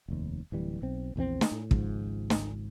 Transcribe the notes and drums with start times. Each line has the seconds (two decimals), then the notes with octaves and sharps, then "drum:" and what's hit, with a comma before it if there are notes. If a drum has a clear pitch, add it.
0.08 F1 D#2
0.52 D1 E3 G3
0.82 B1 C4
1.16 A#1 E2 G3 C4
1.41 drum: snare
1.52 A2
1.71 G#1 C#2 G#2 F3, drum: kick
2.30 drum: snare